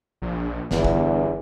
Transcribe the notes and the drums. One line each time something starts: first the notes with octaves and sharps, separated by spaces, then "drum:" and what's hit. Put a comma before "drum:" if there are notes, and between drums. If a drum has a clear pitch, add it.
A#1
G1 E2, drum: snare
drum: kick